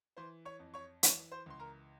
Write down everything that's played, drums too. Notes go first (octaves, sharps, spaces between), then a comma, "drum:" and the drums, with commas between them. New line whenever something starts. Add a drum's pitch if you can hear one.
E3 C5 C6
C#5 C#6
F2
C#5 C#6
E3 C#5 C#6, drum: hi-hat
C5 C6
C#2 C6
A#4 A#5